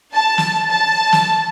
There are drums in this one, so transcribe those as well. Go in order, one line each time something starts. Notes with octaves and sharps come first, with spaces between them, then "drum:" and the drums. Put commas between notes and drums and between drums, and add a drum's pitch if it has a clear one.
A5
drum: snare
A5
drum: snare